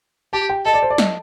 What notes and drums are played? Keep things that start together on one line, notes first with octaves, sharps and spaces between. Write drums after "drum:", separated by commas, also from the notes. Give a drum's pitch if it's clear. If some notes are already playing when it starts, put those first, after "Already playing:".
G4 A5
G5
A4 D#5
D5
C5
D5
D#5, drum: snare